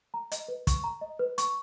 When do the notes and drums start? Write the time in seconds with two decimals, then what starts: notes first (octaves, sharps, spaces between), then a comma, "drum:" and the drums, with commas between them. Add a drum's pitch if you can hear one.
0.14 A#5
0.32 D#5, drum: hi-hat
0.48 B4
0.67 C#6, drum: kick, hi-hat
0.84 A#5
1.01 D#5
1.19 B4
1.38 C#6, drum: hi-hat